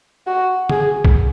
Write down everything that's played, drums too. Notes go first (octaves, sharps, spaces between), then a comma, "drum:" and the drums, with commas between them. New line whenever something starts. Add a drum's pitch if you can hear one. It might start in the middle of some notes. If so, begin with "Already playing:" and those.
F#4
G#4, drum: tom D3
drum: kick B1